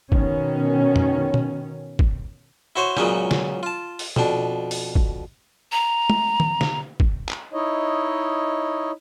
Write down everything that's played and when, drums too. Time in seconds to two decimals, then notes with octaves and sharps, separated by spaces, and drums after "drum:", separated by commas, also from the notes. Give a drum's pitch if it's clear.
0.12 B2 D#3 C#4, drum: kick
0.96 drum: tom F2
1.34 drum: tom
1.99 drum: kick
2.76 E4 F#4 C5 C#5 C6
2.97 C#2 A#2 C#3 F#3 B3 C#4, drum: rim click
3.31 drum: snare
3.63 F4 A5
3.99 drum: open hi-hat
4.16 F2 B2 D4, drum: tom
4.71 drum: open hi-hat
4.95 drum: kick
5.72 A#5
6.10 drum: tom
6.40 drum: tom
6.61 drum: snare
7.00 drum: kick
7.29 drum: clap
7.53 D#4 E4 C#5 D#5